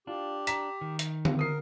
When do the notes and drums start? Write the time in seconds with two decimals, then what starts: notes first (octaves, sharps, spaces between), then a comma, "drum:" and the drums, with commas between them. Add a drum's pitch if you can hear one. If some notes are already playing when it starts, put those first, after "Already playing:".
0.07 D4 F4 G4
0.47 A#5 B6 E7, drum: hi-hat
0.81 D#3
0.99 drum: hi-hat
1.25 drum: tom D3
1.39 A#4 D#6 C7